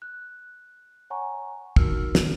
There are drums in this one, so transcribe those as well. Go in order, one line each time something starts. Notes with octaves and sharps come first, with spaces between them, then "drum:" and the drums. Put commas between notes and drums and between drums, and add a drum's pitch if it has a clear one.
F#6
C#5 F#5 G#5 A#5 C#6
D#4 F#4 A#4 E6 F6, drum: kick
drum: snare